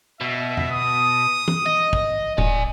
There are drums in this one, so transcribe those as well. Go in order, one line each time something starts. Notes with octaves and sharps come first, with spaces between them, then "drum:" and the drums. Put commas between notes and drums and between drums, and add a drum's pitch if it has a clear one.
B2 E5
drum: tom F2
D#6
drum: tom
D#5
drum: kick
D#1 D5 G#5, drum: tom A2